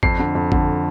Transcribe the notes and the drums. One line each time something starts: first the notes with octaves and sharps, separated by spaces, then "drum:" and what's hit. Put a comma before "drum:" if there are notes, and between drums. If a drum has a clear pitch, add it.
F2 C7, drum: kick G#1
D3
F2
D3, drum: kick G#1